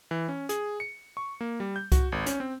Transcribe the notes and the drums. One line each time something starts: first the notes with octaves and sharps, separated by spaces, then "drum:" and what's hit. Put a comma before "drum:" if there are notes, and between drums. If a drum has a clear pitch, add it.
E3
C#4
G#4, drum: hi-hat
C#7
C#6
A#3
G3
G6
F#4, drum: kick C2, hi-hat
G#1
C#4, drum: hi-hat
C4